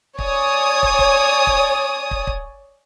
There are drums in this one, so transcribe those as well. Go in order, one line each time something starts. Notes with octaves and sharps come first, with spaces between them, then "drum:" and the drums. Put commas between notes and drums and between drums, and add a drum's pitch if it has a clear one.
C#5 D5 G#5 D#6, drum: kick
drum: kick
drum: kick
drum: kick
drum: kick
drum: kick